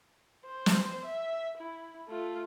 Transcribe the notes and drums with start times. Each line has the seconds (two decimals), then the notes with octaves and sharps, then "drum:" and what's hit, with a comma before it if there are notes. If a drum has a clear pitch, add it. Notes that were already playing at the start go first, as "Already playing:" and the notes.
0.46 C5
0.66 drum: snare
1.05 E5
1.58 E4
2.09 A3 F4